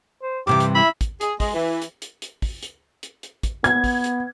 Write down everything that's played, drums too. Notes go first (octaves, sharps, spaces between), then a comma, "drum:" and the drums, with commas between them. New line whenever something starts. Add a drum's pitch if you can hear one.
C5
G2 C3 E3 G4 D6
drum: hi-hat
E4 E5 B5
drum: kick, hi-hat
G#4, drum: hi-hat
G#3, drum: kick, open hi-hat
E3
drum: hi-hat
drum: hi-hat
drum: hi-hat
drum: kick, open hi-hat
drum: hi-hat
drum: hi-hat
drum: hi-hat
drum: kick, hi-hat
B3 G#6, drum: hi-hat
drum: kick, open hi-hat
drum: hi-hat